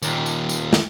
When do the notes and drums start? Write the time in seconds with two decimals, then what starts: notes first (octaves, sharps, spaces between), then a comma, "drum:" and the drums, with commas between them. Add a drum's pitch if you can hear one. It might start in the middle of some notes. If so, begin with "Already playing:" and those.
0.03 D#2 A#2, drum: tambourine
0.26 drum: tambourine
0.49 drum: tambourine
0.73 drum: snare